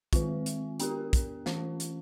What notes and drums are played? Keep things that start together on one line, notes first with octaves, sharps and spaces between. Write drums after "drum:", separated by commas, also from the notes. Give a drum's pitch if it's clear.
D#3 G#3 C4 F4, drum: kick, hi-hat
drum: hi-hat
B3 D4 G4 A#4, drum: hi-hat
drum: kick, hi-hat
E3 A3 C#4 F4, drum: snare
drum: hi-hat